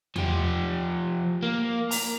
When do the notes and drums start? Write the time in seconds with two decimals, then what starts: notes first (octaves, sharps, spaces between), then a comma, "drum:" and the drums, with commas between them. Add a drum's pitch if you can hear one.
0.16 F3 G4, drum: tom E2
1.42 A#3
1.91 A#5, drum: open hi-hat